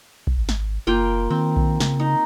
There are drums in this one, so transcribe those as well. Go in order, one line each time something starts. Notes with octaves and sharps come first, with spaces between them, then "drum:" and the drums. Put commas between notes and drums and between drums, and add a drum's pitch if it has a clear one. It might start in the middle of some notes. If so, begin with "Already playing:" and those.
drum: kick B1
G#1
drum: snare
F#1 A#3 F4 G5
D#3 C4
drum: kick B1
C#3, drum: snare
D#4